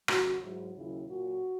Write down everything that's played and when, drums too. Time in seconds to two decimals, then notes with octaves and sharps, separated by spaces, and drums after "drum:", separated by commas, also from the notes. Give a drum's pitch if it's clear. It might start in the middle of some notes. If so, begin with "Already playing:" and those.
0.08 D#2 C#3 F#3 F#4, drum: rim click
0.42 G#2 F#3 E4
0.75 D#2 C#3 F#3 E4
1.07 A#2 F#3 F#4